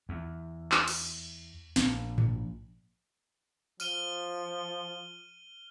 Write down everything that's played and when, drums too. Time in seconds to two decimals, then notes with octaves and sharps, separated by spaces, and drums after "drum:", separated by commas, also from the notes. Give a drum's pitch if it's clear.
0.09 E2
0.72 drum: clap
0.88 drum: cymbal
1.76 A#1, drum: snare
2.18 drum: tom G#2
3.80 F3 F6 D#7 G7, drum: tambourine